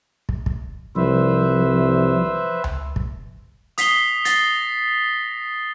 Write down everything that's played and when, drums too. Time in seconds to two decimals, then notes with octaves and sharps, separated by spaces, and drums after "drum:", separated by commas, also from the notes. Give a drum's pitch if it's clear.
0.29 drum: kick
0.46 drum: kick
0.96 C2 F3 B4 C5 E5
2.64 drum: tom C#2
2.96 drum: kick
3.78 D#6 B6 C7 G7, drum: hi-hat
4.25 A6 A#6 C7, drum: hi-hat